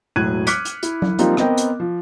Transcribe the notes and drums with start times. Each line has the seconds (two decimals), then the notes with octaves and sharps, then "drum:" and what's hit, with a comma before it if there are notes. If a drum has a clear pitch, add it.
0.16 E1 A2 F#3 F#6 G#6 D#7
0.47 D6 F6 F#6 B6 C#7 D7, drum: hi-hat
0.65 drum: hi-hat
0.83 E4, drum: hi-hat
1.02 drum: tom F#3
1.19 F3 G3 A#3 C4 D#4 F4, drum: hi-hat
1.37 B3 C4 A#4 D#5 G5, drum: rim click
1.57 drum: hi-hat
1.80 F3